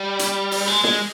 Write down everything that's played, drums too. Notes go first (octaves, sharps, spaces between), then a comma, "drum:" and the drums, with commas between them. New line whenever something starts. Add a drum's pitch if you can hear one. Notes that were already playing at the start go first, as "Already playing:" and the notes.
Already playing: G3
drum: hi-hat
drum: open hi-hat
G#3
G#3, drum: snare